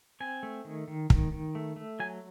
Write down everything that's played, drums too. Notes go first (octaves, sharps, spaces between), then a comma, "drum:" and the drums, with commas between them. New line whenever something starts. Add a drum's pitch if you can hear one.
C4 G#5
A3
D#3
D#3
D#3, drum: kick
D#3
A3
A3
F#3 G#5